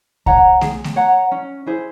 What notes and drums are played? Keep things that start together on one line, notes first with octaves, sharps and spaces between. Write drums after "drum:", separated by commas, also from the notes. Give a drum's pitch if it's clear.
C#5 F#5 A#5, drum: kick C2
G#4, drum: snare A3
drum: snare A3
C#5 F#5 A#5
C#4
E4 G#4 C5